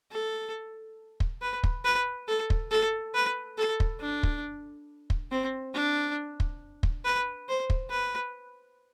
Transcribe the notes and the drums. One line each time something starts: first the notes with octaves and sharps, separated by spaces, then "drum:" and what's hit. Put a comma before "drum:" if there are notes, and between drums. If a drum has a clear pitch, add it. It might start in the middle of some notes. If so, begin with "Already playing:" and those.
A4
drum: kick
B4
drum: kick
B4
A4
drum: kick
A4
B4
A4
drum: kick
D4
drum: kick
drum: kick
C4
D4
drum: kick
drum: kick
B4
C5
drum: kick
B4